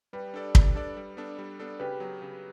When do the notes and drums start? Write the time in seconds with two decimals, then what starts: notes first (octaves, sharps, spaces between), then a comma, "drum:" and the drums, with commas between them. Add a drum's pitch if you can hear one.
0.13 G3 G4 B4
0.34 D4 A4 D5
0.55 G3, drum: kick
0.75 D4 A4 D5
0.97 G3
1.17 B3 D4 A4
1.38 G3
1.59 B3 D4 A4
1.79 C#3 G4 B4
2.00 F#3 B3
2.22 C#3